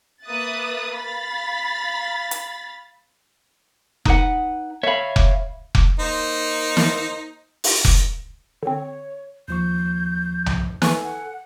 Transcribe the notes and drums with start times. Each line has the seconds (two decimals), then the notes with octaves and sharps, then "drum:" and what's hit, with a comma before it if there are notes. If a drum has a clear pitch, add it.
0.25 A#3 B4 E5 D#6 F#6 A6
0.95 F5 B5 A6 B6
2.31 drum: hi-hat
4.05 D#4 B4 F#5, drum: kick F1
4.83 C#5 E5 F5 B5
5.16 drum: kick F1
5.75 drum: kick F1
6.00 A#3 D#4 C5
6.77 drum: snare
7.64 drum: open hi-hat
7.85 drum: kick F1
8.63 D3 C4 C#5
9.48 D#2 F3 C#6 G6
10.46 drum: tom B1
10.82 A4 B4 G#5 C#6, drum: snare
11.04 F#5